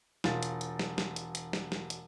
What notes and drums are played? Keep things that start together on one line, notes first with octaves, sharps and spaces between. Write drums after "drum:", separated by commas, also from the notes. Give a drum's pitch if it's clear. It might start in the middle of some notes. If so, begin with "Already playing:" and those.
E1 F4 A6, drum: snare
drum: hi-hat
drum: hi-hat
drum: snare
drum: snare
drum: hi-hat
drum: hi-hat
drum: snare
drum: snare
drum: hi-hat